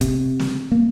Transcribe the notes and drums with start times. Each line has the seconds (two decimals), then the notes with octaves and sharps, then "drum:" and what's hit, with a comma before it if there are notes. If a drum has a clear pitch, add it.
0.01 C3, drum: kick F#1, hi-hat
0.39 drum: snare
0.72 A#3